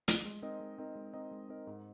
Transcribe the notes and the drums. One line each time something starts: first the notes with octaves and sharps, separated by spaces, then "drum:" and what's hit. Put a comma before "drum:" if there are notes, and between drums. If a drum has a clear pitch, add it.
drum: hi-hat
G#3
C4 D#4 A#4 D#5
G#3
C4 D#4 A#4 D#5
G#3
C4 D#4 A#4 D#5
G#3
C4 D#4 A#4 D#5
G#2